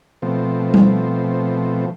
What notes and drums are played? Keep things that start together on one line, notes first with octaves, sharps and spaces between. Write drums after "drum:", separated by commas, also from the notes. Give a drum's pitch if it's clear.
B2 F3 A3 C4
drum: tom G3